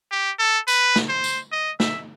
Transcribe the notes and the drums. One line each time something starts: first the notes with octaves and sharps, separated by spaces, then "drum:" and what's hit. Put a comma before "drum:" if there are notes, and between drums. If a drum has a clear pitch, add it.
G4
A4
B4, drum: tambourine
drum: snare
C5
drum: tambourine
D#5
E5, drum: snare